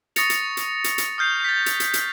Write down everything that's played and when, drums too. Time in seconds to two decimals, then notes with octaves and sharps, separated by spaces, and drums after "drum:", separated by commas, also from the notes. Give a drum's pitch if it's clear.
0.16 C#6 D#6 A6 A#6 C#7 F7, drum: hi-hat
0.30 drum: hi-hat
0.57 drum: hi-hat
0.84 drum: hi-hat
0.98 drum: hi-hat
1.18 D#6 F6 G6 C7
1.44 A6 B6
1.66 drum: hi-hat
1.80 drum: hi-hat
1.94 drum: hi-hat